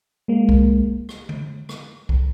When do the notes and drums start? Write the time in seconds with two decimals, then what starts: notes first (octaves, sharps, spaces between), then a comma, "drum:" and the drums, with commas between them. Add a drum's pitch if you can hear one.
0.28 G#3 A#3
0.49 drum: kick C2
1.09 drum: rim click
1.29 drum: tom D3
1.69 drum: rim click
2.09 drum: kick C2